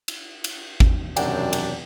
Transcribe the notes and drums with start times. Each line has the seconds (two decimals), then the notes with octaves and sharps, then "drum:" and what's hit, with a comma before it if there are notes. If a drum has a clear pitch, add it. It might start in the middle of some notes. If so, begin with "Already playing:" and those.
0.08 drum: cymbal
0.44 drum: cymbal
0.80 drum: kick G#1
1.17 E1 F#2 C3 D#3 F#3 D4 F#5 G5, drum: cymbal
1.53 drum: cymbal